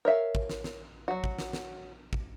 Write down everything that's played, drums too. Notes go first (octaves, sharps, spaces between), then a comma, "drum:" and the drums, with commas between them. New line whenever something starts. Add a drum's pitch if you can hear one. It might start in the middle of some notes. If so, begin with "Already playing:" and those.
A#4 C#5 E5 F5
drum: kick
drum: snare
drum: snare
F#3 F#4
drum: kick
drum: snare
drum: snare
drum: kick